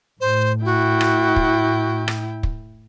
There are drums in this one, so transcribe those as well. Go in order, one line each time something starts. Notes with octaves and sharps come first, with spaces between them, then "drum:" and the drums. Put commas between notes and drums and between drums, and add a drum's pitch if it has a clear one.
A2 C5
E4 F#4 G5
drum: rim click
drum: kick
drum: rim click
drum: kick